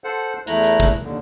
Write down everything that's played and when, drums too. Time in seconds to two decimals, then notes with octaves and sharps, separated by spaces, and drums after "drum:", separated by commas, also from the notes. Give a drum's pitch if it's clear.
0.04 A4 C5 F#5
0.47 E2 A3 E4 A#5 F#6, drum: hi-hat
0.63 drum: hi-hat
0.80 drum: kick, hi-hat
1.04 D#2 D3